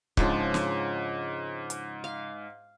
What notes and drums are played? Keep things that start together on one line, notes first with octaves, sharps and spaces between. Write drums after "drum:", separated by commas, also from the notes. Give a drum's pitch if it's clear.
G#2 C#3 F3 D4, drum: kick C#1
drum: snare
drum: hi-hat
F5